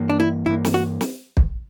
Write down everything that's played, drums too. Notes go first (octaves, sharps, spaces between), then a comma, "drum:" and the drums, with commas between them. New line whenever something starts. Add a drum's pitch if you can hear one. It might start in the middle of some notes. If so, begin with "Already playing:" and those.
Already playing: G2 E3 A#3
D4
E4
G2 E3 A#3 E4
drum: snare
F#4
drum: snare
drum: kick